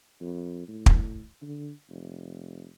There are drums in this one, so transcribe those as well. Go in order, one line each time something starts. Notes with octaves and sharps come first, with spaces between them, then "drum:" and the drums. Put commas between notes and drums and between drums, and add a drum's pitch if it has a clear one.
F2
A2
drum: kick
D3
F1